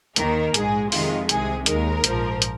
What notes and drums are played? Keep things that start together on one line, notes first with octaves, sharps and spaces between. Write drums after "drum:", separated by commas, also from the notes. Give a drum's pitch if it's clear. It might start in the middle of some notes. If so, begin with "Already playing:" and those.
D#2 D#3 A#3 A#4, drum: hi-hat
A#1 G#2 G#3 G#4, drum: hi-hat
F2 C3 D#3 G#3 F4, drum: open hi-hat
C2 C3 G#3 G#4, drum: hi-hat
D#2 D#3 G#3 A#4, drum: hi-hat
A#1 G#2 F3, drum: hi-hat
drum: hi-hat